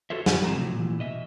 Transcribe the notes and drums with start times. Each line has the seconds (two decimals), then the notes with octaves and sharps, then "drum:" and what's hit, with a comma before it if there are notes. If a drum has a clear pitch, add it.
0.10 F#4 A4 C5 C#5 E5
0.26 G#2 F3, drum: snare
0.44 D#3 C4 F4 C5 A#5
0.56 C3 F3 F#3 A3
0.73 A#2 D#3 E3
0.99 B2 D#5 E5